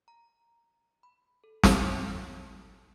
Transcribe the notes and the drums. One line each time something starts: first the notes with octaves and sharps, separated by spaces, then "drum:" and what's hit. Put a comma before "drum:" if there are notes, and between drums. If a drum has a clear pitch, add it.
A#5
B5
A4
A5, drum: snare